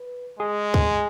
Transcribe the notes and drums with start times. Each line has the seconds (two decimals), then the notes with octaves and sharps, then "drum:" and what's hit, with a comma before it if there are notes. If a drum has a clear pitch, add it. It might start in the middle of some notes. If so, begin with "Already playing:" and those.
Already playing: B4
0.39 G#3 G#4
0.74 drum: kick